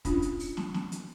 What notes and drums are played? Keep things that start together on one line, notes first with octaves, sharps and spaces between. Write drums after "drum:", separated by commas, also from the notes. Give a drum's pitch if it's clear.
C#4 D4 F4, drum: kick, hi-hat
drum: hi-hat
drum: open hi-hat
drum: snare
drum: snare
drum: hi-hat